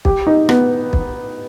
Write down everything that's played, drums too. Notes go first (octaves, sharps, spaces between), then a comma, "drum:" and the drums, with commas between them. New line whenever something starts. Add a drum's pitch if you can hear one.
G4, drum: kick
D#4
B3, drum: rim click
drum: kick